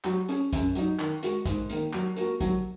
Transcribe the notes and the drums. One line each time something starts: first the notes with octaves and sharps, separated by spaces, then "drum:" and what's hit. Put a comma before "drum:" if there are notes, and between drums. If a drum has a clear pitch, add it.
F#3, drum: clap
C#4 G#4, drum: hi-hat
F#2, drum: kick, hi-hat
F#3 D#4, drum: hi-hat
D#3, drum: clap
G#3 F#4 A#4, drum: hi-hat
G#2, drum: kick, hi-hat
D#3 A#3, drum: hi-hat
F#3, drum: clap
A#3 F#4 A#4, drum: hi-hat
F#3, drum: kick, hi-hat